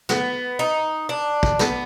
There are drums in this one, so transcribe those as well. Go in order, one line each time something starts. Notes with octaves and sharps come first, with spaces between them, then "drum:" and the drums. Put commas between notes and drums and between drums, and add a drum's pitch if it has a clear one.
B3, drum: snare
D#4
D4
drum: kick
B3, drum: snare